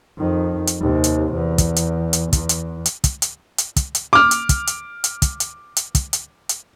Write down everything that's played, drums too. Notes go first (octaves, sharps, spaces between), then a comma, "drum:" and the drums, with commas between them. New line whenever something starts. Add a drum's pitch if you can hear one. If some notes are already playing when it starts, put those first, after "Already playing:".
F2 D#3
drum: hi-hat
D#2 C3
drum: hi-hat
E2
drum: kick, hi-hat
drum: hi-hat
drum: hi-hat
E2, drum: kick, hi-hat
drum: hi-hat
drum: hi-hat
drum: kick, hi-hat
drum: hi-hat
drum: hi-hat
drum: kick, hi-hat
drum: hi-hat
D6 F6
drum: hi-hat
drum: kick, hi-hat
drum: hi-hat
drum: hi-hat
drum: kick, hi-hat
drum: hi-hat
drum: hi-hat
drum: kick, hi-hat
drum: hi-hat
drum: hi-hat